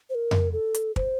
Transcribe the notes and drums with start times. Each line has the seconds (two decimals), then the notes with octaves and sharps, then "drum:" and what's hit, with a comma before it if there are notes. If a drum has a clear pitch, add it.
0.10 C5
0.15 A#4
0.31 drum: tom F2
0.53 A4
0.74 drum: hi-hat
0.96 C5, drum: kick